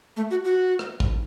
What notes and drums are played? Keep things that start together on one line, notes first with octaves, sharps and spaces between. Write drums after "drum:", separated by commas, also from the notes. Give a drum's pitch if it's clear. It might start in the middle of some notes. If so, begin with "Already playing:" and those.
A3
F#4
F#4
drum: rim click
drum: kick